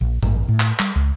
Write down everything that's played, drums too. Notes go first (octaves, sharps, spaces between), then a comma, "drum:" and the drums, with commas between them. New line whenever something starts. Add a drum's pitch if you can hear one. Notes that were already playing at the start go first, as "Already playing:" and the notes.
A#1
A1, drum: tom G2
A2
drum: clap
G3, drum: clap
C#2